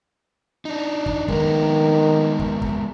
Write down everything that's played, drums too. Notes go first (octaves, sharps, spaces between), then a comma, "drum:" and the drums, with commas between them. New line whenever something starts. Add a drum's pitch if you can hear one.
D4 D#4
drum: kick
D#3 G#3 B3 A#4, drum: kick
drum: kick
drum: kick